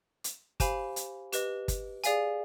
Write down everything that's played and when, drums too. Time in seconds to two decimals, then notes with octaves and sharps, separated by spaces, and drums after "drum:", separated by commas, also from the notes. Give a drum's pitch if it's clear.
0.24 drum: hi-hat
0.60 G4 C5 F5 G#5 B5, drum: kick G1, hi-hat
0.96 drum: hi-hat
1.32 G4 B4 D#5, drum: hi-hat
1.68 drum: kick G1, hi-hat
2.04 G#4 D5 F5 G#5, drum: hi-hat